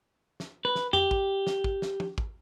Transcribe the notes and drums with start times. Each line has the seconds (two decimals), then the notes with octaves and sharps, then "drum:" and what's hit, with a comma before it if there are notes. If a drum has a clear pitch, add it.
0.40 drum: snare
0.65 B4
0.75 drum: snare
0.93 G4, drum: tom F2
1.11 drum: kick
1.47 drum: snare
1.64 drum: kick
1.82 drum: snare
2.00 drum: tom
2.18 drum: kick